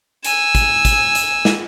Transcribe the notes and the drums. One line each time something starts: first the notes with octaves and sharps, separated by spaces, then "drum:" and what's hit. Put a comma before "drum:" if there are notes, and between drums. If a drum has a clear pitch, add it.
G#5 E6, drum: hi-hat
drum: kick, hi-hat
drum: kick, hi-hat
drum: hi-hat
drum: snare